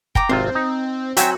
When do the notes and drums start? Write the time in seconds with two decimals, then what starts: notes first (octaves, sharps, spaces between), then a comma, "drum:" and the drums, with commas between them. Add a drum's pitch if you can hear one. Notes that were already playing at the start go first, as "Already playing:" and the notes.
0.15 G5 A#5 D6, drum: kick
0.29 G#1 C3 C4 F4 C5
0.55 D#4
1.17 F#3 C4 F#4 E5 G5 G#5, drum: hi-hat